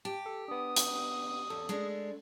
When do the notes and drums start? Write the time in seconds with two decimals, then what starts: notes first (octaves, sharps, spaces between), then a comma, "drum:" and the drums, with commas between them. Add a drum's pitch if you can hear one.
0.05 G4 A5
0.26 A4
0.48 B3 D4 D#6
0.76 drum: hi-hat
1.50 E2 A4
1.69 G#3 A3 D4